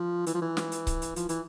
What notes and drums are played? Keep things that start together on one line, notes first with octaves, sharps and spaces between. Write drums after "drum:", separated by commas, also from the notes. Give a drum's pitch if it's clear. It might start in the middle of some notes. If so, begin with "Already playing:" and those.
Already playing: F3
E3, drum: hi-hat
F3
E3
drum: snare
drum: hi-hat
drum: kick C#1, hi-hat
drum: hi-hat
F3, drum: hi-hat
E3, drum: hi-hat